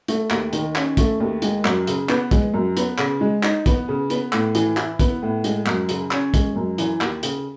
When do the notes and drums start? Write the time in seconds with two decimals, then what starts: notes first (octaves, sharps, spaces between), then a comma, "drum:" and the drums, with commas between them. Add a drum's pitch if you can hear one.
0.08 A3, drum: hi-hat
0.30 D#2, drum: clap
0.53 D#3, drum: hi-hat
0.76 C#4, drum: clap
0.97 A3, drum: kick, hi-hat
1.20 D#2
1.42 G#3, drum: hi-hat
1.65 F#2, drum: clap
1.87 C#3, drum: hi-hat
2.09 B3, drum: clap
2.31 G#3, drum: kick, hi-hat
2.54 F#2
2.77 B3, drum: hi-hat
2.98 C#3, drum: clap
3.21 G#3
3.43 D#4, drum: clap
3.66 B3, drum: kick, hi-hat
3.88 C#3
4.10 B3, drum: hi-hat
4.33 A2, drum: clap
4.55 E3, drum: hi-hat
4.77 E4, drum: clap
4.99 B3, drum: kick, hi-hat
5.23 A2
5.44 G#3, drum: hi-hat
5.66 F#2, drum: clap
5.89 C#3, drum: hi-hat
6.11 C#4, drum: clap
6.34 G#3, drum: kick, hi-hat
6.56 F#2
6.78 E3, drum: hi-hat
7.01 D#2, drum: clap
7.23 C#3, drum: hi-hat